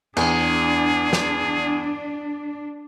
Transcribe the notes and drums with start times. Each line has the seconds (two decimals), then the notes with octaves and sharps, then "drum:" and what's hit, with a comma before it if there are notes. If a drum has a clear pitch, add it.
0.17 E2 D4 G#4, drum: cymbal
1.13 drum: snare